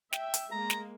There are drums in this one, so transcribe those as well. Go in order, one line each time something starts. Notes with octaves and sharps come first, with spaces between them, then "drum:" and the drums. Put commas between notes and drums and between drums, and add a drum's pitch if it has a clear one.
E5 G5, drum: snare
drum: hi-hat
G#3 A#3 A#5
drum: snare